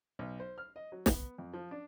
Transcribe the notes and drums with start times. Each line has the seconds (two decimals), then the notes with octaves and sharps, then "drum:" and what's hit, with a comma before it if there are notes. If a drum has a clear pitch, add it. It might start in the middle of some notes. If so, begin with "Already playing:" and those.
0.19 B1
0.40 C5
0.58 F6
0.76 D#5
0.92 F#3
1.06 B3, drum: snare
1.38 F2
1.54 F3
1.71 D4